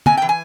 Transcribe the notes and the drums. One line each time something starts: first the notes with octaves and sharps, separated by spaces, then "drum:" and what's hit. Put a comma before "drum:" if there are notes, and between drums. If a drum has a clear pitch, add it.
C3 G#5, drum: tom
E3 G5
G#5